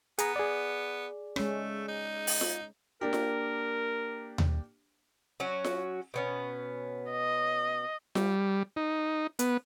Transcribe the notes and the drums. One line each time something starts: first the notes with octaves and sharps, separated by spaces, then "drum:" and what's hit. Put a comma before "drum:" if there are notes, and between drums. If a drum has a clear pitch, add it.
B3 G#4 A#5, drum: hi-hat
G#4 D5
G#3 A3 C#4, drum: rim click
D#4
drum: open hi-hat
drum: snare F4
A#3 D4 G4 A#4
drum: snare F4
drum: tom D#2
F#3 C#4 F#4
drum: snare F4
B2 B3 C#4
D#5
G3, drum: snare F4
D#4
B3, drum: hi-hat